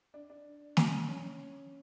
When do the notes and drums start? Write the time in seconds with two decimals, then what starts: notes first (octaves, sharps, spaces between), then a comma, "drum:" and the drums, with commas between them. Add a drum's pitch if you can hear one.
0.14 D4
0.30 D4
0.77 drum: snare
1.08 C#4